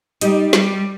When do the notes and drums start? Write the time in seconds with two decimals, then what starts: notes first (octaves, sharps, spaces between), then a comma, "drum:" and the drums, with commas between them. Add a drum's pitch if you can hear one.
0.21 G3 D#4 G4, drum: hi-hat
0.53 G3, drum: snare